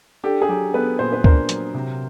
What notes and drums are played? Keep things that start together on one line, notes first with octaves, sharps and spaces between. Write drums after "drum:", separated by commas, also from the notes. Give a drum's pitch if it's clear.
D4 G4 A4
G#4
F#3 G4
B3 A4 B4
A#2 C5
B4
D4 A#4 C5, drum: kick
F#3, drum: hi-hat
C3